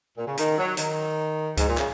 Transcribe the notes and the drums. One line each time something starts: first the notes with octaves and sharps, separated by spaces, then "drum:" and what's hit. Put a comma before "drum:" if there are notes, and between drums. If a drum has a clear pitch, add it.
A#2
C#3
D#3, drum: hi-hat
F#3
D#3, drum: hi-hat
G#2, drum: kick C#2, hi-hat
A#2
C#3, drum: clap